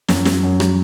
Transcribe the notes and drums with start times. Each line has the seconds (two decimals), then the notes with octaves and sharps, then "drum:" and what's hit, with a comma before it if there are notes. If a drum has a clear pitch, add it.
0.08 F#2, drum: snare
0.25 F#3, drum: snare
0.43 F#2
0.60 F#3, drum: rim click